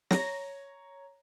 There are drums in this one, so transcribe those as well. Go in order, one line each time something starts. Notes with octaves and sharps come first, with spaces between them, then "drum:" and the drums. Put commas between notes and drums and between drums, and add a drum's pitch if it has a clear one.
C#5 A#5 A#6, drum: snare